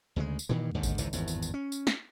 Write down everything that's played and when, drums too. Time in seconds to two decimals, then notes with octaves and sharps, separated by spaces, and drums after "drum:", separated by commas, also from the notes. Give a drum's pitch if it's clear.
0.16 D2 C#3 E3 G#3
0.39 drum: tambourine
0.49 G2 A#2 D#3 E3
0.74 D#2 G#2 D3 D#3
0.83 drum: kick A1, tambourine
0.98 G#1 C#2 G#2 E3, drum: tambourine
1.13 G#1 E2 G2, drum: tambourine
1.28 drum: tambourine
1.42 drum: tambourine
1.54 C#4
1.72 drum: tambourine
1.87 drum: snare